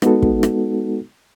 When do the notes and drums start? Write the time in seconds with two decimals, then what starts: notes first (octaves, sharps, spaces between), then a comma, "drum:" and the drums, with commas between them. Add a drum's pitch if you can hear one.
0.02 G#3 B3 D#4 F#4 A4, drum: rim click
0.22 drum: kick
0.43 drum: rim click